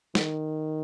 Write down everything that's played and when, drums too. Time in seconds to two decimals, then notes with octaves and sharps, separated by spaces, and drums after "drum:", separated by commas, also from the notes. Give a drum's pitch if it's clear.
0.15 D#3, drum: snare